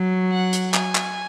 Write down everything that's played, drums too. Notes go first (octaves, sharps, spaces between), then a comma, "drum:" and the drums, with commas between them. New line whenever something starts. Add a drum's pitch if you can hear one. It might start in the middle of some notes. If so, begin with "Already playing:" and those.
Already playing: F#3
F#5
drum: hi-hat
G#5, drum: clap
drum: clap